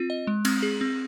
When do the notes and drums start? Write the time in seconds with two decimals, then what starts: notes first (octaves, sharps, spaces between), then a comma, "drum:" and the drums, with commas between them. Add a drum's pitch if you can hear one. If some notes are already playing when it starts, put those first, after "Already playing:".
Already playing: C4 F4
0.10 D#5
0.27 G#3
0.45 C4, drum: cymbal
0.62 G#4
0.81 C4